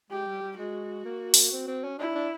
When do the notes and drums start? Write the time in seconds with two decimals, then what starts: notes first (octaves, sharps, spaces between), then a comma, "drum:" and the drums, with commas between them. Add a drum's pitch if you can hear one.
0.10 G#3 G4
0.26 G3
0.42 G3
0.57 G#3 F#4
1.05 A#3
1.34 drum: open hi-hat
1.52 C4
1.68 C4
1.84 C#4
1.98 D4 E4
2.15 D4